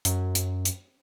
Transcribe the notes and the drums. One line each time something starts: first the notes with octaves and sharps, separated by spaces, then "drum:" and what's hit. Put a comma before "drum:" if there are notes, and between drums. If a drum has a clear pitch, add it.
F#2, drum: hi-hat
drum: hi-hat
drum: hi-hat